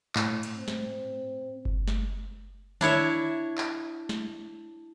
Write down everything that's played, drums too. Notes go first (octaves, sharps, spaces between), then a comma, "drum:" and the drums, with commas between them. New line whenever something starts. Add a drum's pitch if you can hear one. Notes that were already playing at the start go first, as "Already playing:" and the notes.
A2, drum: clap
drum: cymbal
C4
drum: snare
drum: kick G1
drum: snare
D4 E4 C#5 E5, drum: tom D3
drum: clap
drum: snare